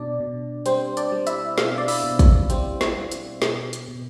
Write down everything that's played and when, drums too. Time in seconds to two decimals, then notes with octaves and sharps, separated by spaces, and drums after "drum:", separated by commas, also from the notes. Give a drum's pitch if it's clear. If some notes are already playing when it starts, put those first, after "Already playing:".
Already playing: B2 D4 D5
0.20 B2
0.66 G3 C4 C5, drum: hi-hat
0.97 D4 D5, drum: hi-hat
1.12 G3
1.27 E4 E5, drum: hi-hat
1.58 B2 F5, drum: snare
1.68 E5
1.78 D5
1.88 E4 E5, drum: open hi-hat
2.04 B2
2.19 drum: kick, hi-hat
2.50 G3 C4 C5, drum: hi-hat
2.81 drum: snare
2.97 G3
3.12 drum: hi-hat
3.42 B2, drum: snare
3.73 drum: hi-hat
3.88 B2